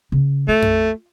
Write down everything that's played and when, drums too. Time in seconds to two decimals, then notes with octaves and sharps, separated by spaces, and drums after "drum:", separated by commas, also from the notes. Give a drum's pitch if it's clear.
0.12 C#3
0.48 A3 F4
0.62 drum: tom F2